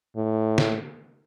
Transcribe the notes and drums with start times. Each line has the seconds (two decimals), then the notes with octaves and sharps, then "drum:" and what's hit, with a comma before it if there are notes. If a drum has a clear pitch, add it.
0.16 A2
0.58 drum: snare